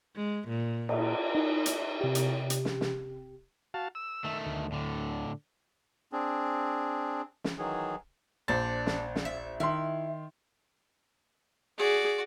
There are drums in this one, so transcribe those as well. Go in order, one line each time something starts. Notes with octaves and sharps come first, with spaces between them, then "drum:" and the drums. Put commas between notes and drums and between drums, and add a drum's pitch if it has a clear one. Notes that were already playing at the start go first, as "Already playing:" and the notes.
G#3
A#2
drum: cymbal
D#4
drum: hi-hat
C3 G4
drum: hi-hat
drum: hi-hat
drum: snare
drum: snare
F#4 F5 A5
E6
D#3 A3
D2
A2 D3
C4 D4 G#4
drum: snare
D#3 E3 F#3 G#4
A#1 D4 C5 A6
drum: snare
drum: snare
E5
D#3 E4 C6
F#4 G#4 D5